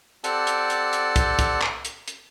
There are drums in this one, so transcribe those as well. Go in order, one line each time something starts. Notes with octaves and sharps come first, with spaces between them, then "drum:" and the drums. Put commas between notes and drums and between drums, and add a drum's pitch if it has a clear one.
C4 G4 A4 D5 F#5 A5, drum: hi-hat
drum: hi-hat
drum: hi-hat
drum: hi-hat
drum: kick, hi-hat
drum: kick, hi-hat
drum: clap
drum: hi-hat
drum: hi-hat